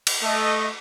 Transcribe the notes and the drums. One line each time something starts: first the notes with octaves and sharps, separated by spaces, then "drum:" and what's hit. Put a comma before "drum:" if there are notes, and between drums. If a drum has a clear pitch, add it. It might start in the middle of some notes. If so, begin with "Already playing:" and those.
drum: cymbal
A3 D#5